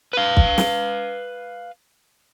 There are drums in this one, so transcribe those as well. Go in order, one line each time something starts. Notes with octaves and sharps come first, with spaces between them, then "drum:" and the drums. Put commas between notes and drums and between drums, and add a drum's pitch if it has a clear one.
B4 F5
drum: kick
drum: snare